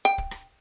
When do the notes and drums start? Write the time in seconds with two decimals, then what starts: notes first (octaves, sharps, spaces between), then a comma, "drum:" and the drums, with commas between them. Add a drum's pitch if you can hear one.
0.05 G5
0.18 drum: kick
0.31 drum: rim click